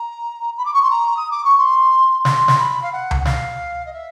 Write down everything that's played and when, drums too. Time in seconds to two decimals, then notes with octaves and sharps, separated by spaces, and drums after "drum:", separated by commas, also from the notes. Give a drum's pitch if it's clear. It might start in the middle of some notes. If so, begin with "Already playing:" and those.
Already playing: A#5
0.57 B5
0.65 D6
0.74 C#6
0.83 C6
0.90 A#5
1.17 D#6
1.31 D6
1.44 C#6
1.58 C6
2.25 C6, drum: snare
2.48 drum: snare
2.58 B5
2.82 F5
2.92 F#5
3.11 drum: tom C#2
3.20 F#5
3.25 F5, drum: snare
3.86 D#5
3.93 E5